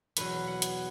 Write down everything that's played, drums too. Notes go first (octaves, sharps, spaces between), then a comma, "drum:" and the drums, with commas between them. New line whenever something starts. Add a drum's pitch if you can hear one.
E2 B2 F#3 B4, drum: hi-hat
F#5
drum: hi-hat